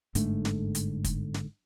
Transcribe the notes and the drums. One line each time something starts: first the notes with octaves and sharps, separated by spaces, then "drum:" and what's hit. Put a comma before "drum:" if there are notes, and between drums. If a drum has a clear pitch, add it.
G1 G#2 D3 A3, drum: hi-hat
drum: snare
drum: hi-hat
drum: kick, hi-hat
drum: snare